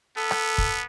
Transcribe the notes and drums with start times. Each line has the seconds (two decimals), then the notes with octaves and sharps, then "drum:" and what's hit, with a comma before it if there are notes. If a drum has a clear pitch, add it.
0.17 B3 A4
0.31 drum: rim click
0.58 drum: kick